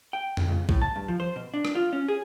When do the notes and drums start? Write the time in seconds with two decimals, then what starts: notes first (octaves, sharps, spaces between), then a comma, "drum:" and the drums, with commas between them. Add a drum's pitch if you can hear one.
0.13 G5
0.37 drum: tom F2
0.48 C#2
0.69 A2, drum: kick B1
0.82 A5
0.96 G2
1.08 F3
1.20 C5
1.36 B2
1.54 D4
1.65 drum: rim click
1.75 F4
1.93 C#4
2.08 G#4